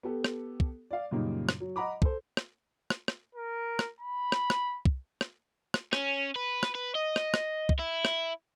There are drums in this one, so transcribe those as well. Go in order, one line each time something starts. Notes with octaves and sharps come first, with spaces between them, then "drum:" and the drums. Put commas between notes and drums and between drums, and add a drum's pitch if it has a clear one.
B3 G4 A4
drum: rim click
drum: kick
D5 F5
F#2 A#2 C#3 G3 A#3 D#4
drum: rim click
F#3
D#5 F#5 A#5 B5 D6
A4 C5, drum: kick
drum: rim click
drum: rim click
drum: rim click
A#4
drum: rim click
B5
drum: rim click
drum: rim click
drum: kick
drum: rim click
drum: rim click
C#4, drum: rim click
B4
drum: rim click
B4
D#5
drum: rim click
drum: rim click
drum: kick
E4
drum: rim click